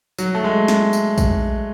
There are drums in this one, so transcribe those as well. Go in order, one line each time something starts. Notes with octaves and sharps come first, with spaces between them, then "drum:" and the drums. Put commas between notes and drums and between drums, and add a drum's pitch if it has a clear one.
F#3, drum: tambourine
A3
G#3
drum: snare
drum: tambourine
drum: kick A#1, tambourine